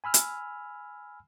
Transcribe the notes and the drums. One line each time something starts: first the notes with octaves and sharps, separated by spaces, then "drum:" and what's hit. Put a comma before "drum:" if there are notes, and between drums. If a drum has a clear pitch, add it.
G#5 B5 E6 F6
drum: hi-hat